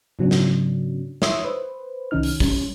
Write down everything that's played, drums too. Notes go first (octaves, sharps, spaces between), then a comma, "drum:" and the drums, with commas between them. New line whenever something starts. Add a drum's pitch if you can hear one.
G#2 C#3 F#3 B3 C#4 D4
drum: snare
C#5 E5 C6 C#6 D#6 E6, drum: snare
B4 C5
C2 D#3 C#4 D#4 F6
drum: open hi-hat
G3 C#4, drum: kick